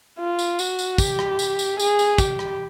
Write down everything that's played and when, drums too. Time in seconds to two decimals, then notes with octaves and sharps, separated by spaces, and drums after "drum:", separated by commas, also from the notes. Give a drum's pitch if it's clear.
0.19 F4
0.39 drum: tambourine
0.59 F#4, drum: tambourine
0.79 drum: tambourine
0.98 G4, drum: kick, tambourine
1.19 drum: rim click
1.39 drum: tambourine
1.59 drum: tambourine
1.80 G#4, drum: tambourine
1.99 drum: tambourine
2.18 G4, drum: kick, tambourine
2.39 drum: rim click